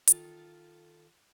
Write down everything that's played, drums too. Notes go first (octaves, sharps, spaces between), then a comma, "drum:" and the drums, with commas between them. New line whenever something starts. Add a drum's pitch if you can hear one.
D#3 F4 A4, drum: hi-hat